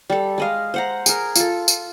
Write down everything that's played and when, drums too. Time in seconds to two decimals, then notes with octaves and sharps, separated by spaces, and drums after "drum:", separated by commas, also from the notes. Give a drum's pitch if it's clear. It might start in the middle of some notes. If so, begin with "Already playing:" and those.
0.10 G3 A4
0.38 G#3 D#5 F5
0.74 C5 F#5 A#5
1.06 G#4 A#4, drum: tambourine
1.36 F4 A4, drum: tambourine
1.68 drum: tambourine